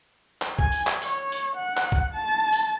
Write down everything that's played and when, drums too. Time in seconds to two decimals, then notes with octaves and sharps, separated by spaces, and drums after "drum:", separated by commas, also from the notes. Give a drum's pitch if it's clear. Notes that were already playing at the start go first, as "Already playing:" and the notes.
0.42 drum: clap
0.59 G#5, drum: kick
0.72 drum: tambourine
0.87 drum: clap
1.02 C#5, drum: tambourine
1.32 drum: tambourine
1.56 F#5
1.77 drum: clap
1.92 drum: kick
2.14 A5
2.52 drum: tambourine